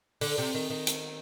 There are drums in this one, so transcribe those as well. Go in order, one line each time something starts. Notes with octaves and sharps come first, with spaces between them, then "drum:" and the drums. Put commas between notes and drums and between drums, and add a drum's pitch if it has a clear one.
D3, drum: open hi-hat
C3
D#3
D#3
drum: hi-hat